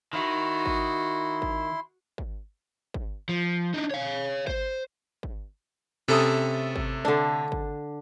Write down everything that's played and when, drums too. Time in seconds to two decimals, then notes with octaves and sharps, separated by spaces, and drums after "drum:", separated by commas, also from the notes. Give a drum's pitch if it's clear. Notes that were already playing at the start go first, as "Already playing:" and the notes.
0.13 D#3 E4 F#4 C6
0.66 drum: kick G#1
1.42 drum: kick G#1
2.18 drum: kick G#1
2.94 drum: kick G#1
3.29 F3
3.74 D4 D#4
3.91 C#5 F5
4.47 C5, drum: kick G#1
5.23 drum: kick G#1
6.08 C3 A3 C#4 E4 A4 D#6
6.76 drum: kick G#1
7.05 D3 D4
7.52 drum: kick G#1